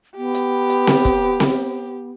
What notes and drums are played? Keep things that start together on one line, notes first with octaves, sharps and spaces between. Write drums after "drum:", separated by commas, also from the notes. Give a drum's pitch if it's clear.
B3 G4
drum: hi-hat
drum: hi-hat
drum: snare C4
drum: kick, hi-hat
drum: snare C4